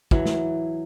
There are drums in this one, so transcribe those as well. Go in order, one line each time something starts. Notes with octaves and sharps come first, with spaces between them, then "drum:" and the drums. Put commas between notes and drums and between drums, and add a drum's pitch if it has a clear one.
E3 F#3, drum: kick
drum: snare